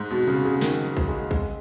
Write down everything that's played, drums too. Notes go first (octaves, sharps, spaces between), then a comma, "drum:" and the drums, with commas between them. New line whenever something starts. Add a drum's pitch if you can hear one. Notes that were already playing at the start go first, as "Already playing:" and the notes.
Already playing: G#2
B2
C#3
C#3
D#3, drum: snare
F#3
drum: kick
G#3
G#3, drum: kick